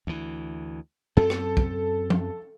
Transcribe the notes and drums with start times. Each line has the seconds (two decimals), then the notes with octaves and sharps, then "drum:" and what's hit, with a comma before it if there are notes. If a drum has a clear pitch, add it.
0.07 D2 E3
1.17 F#2 C4 A4
1.30 drum: rim click
1.57 drum: kick
2.10 drum: tom